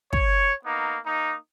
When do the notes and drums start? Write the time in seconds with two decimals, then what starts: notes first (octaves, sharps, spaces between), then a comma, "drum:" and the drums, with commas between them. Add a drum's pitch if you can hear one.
0.13 C#5, drum: kick
0.65 A#3 B3 D#4
1.06 A#3 D#4